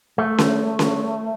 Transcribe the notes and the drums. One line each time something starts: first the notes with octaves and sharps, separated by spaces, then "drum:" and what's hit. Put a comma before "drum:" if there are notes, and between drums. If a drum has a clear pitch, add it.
A3
drum: snare C#4
drum: snare C#4